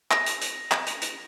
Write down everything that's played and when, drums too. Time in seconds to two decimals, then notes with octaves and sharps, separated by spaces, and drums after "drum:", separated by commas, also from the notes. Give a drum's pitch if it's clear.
0.11 A#6, drum: clap
0.26 drum: hi-hat
0.41 drum: hi-hat
0.71 drum: clap
0.87 drum: hi-hat
1.02 drum: hi-hat